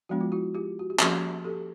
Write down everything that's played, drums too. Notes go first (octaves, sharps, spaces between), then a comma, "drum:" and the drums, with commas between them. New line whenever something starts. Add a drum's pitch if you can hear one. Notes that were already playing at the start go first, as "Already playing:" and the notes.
F3 G#3 B3 D4 F#4
F4
E4 F#4
F4 G4
F#4
G4
F3 A#3 C#4 F#4 G#4, drum: clap
G4 A4